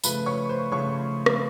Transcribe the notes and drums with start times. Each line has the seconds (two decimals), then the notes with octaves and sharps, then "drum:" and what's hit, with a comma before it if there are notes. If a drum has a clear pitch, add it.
0.04 C#3 F3 A3 B4 B5, drum: tambourine
0.26 C#5 C#6
0.49 C5 C6
0.72 C#3 F3 A3 C#5 C#6
1.26 drum: rim click